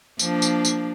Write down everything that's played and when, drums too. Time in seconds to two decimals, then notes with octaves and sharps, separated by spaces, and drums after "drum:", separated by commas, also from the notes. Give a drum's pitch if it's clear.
0.19 F3 A#3 D4, drum: tambourine
0.42 drum: tambourine
0.65 drum: tambourine